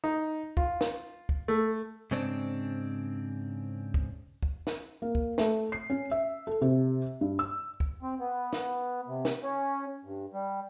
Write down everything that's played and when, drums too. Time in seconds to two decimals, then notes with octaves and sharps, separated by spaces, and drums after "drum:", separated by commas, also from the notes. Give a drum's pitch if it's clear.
0.04 D#4
0.57 F4, drum: kick
0.81 drum: snare
1.29 drum: kick
1.48 A3
2.11 G#2 C#3 C4 D4
3.94 drum: kick
4.43 drum: kick
4.67 drum: snare
5.02 A#3
5.15 drum: kick
5.38 A3, drum: snare
5.72 C7
5.90 C#4
6.11 E5
6.47 A4
6.61 C3
7.21 G2
7.39 E6
7.80 drum: kick
8.03 C4
8.20 B3
8.53 drum: snare
9.08 C3
9.25 drum: snare
9.43 C#4
10.05 G2
10.33 G3